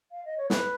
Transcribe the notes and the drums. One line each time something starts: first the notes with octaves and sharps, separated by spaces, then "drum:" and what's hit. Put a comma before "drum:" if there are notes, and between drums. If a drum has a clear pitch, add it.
F5
D#5
C#5
B4, drum: snare